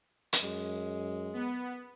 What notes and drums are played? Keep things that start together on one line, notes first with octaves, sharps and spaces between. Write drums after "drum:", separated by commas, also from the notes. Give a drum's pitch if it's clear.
drum: hi-hat
F#2 G#3
B3